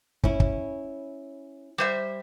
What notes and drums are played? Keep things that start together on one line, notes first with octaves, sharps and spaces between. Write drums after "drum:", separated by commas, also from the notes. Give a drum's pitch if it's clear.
C#4 E4, drum: kick
drum: kick
G3 C5 E5